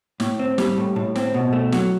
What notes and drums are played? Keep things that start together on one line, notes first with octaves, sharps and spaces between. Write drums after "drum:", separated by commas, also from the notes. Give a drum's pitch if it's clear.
A2, drum: snare
C4
G3, drum: snare
A2
A2
C4, drum: snare
B2
A3
F#3, drum: snare